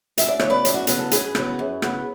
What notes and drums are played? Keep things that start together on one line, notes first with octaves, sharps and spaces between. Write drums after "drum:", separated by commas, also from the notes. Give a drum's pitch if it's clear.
F#2 E5, drum: hi-hat
D5
C#3 F#3 B3 C#5, drum: rim click
B4 D5
F#2, drum: hi-hat
F#4
C#3 F#3 B3 G#4, drum: hi-hat
A4
F#2 G#4 B4, drum: hi-hat
C#3 F#3 B3, drum: rim click
F#2
C#3 F#3 B3, drum: rim click